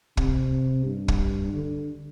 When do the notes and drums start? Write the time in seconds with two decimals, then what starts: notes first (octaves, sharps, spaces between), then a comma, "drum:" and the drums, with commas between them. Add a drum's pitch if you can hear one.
0.17 C3, drum: kick
0.85 G2
1.08 drum: kick
1.54 D3